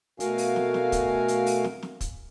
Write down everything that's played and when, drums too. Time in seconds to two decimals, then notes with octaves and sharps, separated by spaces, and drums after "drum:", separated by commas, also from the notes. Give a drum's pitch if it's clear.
0.20 B2 A3 F#4 A#4 F5 G#5, drum: hi-hat
0.38 drum: open hi-hat
0.56 drum: snare
0.74 drum: snare
0.92 drum: kick, hi-hat
1.28 drum: hi-hat
1.46 drum: open hi-hat
1.64 drum: snare
1.83 drum: snare
2.01 drum: kick, hi-hat